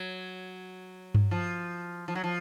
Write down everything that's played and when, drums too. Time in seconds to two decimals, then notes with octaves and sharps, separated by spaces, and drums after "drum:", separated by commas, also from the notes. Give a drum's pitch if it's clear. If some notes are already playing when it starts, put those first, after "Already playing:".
Already playing: F#3
1.14 drum: tom G2
1.31 F3
2.08 F3
2.15 F#3
2.24 F3